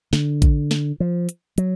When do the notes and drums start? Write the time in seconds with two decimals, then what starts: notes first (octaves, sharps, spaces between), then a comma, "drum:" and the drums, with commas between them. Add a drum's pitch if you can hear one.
0.13 D3, drum: snare
0.42 drum: kick A1, hi-hat
0.71 drum: snare
1.00 F3
1.29 drum: hi-hat
1.58 F#3, drum: hi-hat